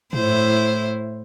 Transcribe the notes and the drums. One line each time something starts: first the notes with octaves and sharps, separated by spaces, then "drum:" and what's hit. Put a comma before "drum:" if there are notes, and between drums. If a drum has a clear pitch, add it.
A2 E4 C5, drum: tom